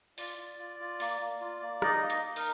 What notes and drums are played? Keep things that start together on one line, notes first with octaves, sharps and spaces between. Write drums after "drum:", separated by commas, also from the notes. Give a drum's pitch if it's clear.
F4 D5, drum: open hi-hat
F4
F4
F4
A#3, drum: open hi-hat
A#3
F4
A#3
D#4 D#5, drum: rim click
A#3
D#5, drum: hi-hat
D#4
A#4, drum: open hi-hat